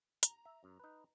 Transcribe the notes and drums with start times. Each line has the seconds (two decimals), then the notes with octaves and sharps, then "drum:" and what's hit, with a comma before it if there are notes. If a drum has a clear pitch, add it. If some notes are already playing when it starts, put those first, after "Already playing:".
0.23 A#5, drum: hi-hat
0.45 E5
0.64 F#2
0.79 D#4 B4